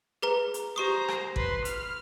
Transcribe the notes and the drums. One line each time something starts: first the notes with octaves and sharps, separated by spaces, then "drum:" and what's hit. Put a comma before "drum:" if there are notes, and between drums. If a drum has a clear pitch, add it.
G#4 B4 A#5
drum: hi-hat
G4 C5 A#5 C#6 D#6
drum: rim click
B4 C6, drum: kick
F6, drum: hi-hat